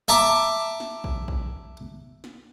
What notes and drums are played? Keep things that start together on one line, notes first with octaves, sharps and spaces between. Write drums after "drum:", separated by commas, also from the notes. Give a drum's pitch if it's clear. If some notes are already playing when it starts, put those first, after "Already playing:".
E5 A5 A#5 D6
drum: snare
drum: kick A#1
drum: kick A#1
drum: snare